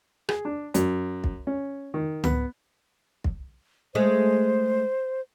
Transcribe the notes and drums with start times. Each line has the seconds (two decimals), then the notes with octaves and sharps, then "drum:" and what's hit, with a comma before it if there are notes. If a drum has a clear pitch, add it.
0.29 G#4, drum: rim click
0.45 D4
0.74 F#2, drum: hi-hat
1.24 drum: kick
1.47 C#4
1.94 D#3
2.24 B3, drum: tom C#2
3.24 drum: kick
3.95 G#3 A3 C5